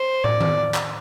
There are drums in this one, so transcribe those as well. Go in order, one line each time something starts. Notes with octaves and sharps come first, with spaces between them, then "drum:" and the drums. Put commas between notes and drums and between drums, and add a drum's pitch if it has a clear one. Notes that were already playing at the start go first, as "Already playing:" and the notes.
Already playing: C5
D5, drum: tom
drum: tom D#3
drum: clap